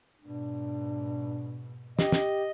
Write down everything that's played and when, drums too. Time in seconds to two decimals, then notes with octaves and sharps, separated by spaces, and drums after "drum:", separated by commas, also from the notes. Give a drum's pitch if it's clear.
0.21 G#2 B2 D4
1.99 G4 D#5, drum: snare
2.12 drum: snare